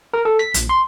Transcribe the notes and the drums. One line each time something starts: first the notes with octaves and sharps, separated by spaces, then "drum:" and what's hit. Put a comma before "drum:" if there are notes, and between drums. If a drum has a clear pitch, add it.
A#4
A4
B6
A#1, drum: hi-hat
C6